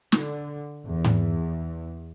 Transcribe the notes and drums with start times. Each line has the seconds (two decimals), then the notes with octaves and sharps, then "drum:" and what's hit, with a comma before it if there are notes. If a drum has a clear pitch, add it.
0.12 D3, drum: snare
0.85 E2
1.04 drum: tom G#2